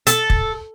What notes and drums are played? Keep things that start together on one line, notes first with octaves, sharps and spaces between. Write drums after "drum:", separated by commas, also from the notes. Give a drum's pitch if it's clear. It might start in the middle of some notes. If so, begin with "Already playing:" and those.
A4, drum: hi-hat
drum: kick